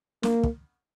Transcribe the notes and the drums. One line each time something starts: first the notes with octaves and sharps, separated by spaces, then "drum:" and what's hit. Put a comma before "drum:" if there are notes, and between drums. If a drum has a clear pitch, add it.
A#3, drum: snare
drum: kick